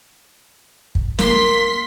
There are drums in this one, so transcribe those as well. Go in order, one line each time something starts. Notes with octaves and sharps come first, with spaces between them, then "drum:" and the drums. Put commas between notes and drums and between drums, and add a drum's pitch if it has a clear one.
drum: kick
A#3 C6 B6, drum: snare